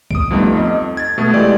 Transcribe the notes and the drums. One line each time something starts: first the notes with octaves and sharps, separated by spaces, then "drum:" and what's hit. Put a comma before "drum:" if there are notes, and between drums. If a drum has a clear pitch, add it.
D#6 D7, drum: kick C2
F3 G3 A3 B3 D#4
F2 D#5
G#6 A6
B2 A3 B3
E3 G#3 G4 A4 D5